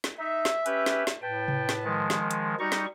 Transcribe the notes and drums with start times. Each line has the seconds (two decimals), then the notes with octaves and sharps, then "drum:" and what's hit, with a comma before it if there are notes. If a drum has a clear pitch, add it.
0.04 drum: snare
0.19 D#4 E5
0.45 drum: snare
0.66 C#4 G4 B4, drum: hi-hat
0.86 drum: snare
1.07 drum: snare
1.22 A2 B4 G5 A5
1.48 drum: tom C3
1.69 drum: snare
1.84 D#3 F3 G#3
2.10 drum: snare
2.31 drum: hi-hat
2.59 G3 D#4 F#4 A#5 C#6
2.72 drum: snare